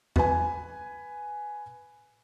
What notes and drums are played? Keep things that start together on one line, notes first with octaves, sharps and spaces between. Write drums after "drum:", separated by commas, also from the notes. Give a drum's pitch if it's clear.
B4 G#5, drum: tom E2